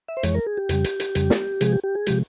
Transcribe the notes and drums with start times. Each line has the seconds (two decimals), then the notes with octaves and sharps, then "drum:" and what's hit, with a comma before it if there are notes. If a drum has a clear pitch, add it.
0.08 E5
0.17 C5
0.23 F2 E3 G#3 C#5, drum: hi-hat
0.35 A#4
0.46 G#4
0.57 G4
0.69 F2 C#3 G3, drum: hi-hat
0.84 drum: hi-hat
1.00 drum: hi-hat
1.15 F2 C#3 G3, drum: hi-hat
1.30 drum: snare
1.61 C3 F3 G#3 G#4, drum: hi-hat
1.72 G4
1.84 G4
1.95 G#4
2.06 C3 F3 G#3 G4, drum: hi-hat